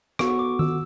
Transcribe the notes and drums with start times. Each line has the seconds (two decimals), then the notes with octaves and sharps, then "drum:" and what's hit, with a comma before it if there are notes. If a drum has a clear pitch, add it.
0.19 B3 F#4 A4 C#6, drum: rim click
0.39 D6
0.59 E6, drum: tom D#3